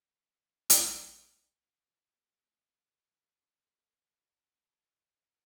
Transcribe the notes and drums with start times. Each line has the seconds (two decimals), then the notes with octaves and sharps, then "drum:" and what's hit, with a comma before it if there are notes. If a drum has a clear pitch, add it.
0.14 C#3 C6 D#6
0.70 drum: hi-hat
1.67 C3 A3 F4
3.02 G2
3.59 A4
3.76 C5
3.93 A4
4.05 F6
4.22 A5
4.37 C7
4.53 A5
4.78 A6
4.91 D#5
5.04 D5
5.16 C7
5.31 F#5